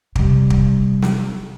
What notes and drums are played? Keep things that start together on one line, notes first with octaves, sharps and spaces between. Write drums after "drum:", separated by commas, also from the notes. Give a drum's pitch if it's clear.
C3 G3, drum: kick
drum: kick
drum: snare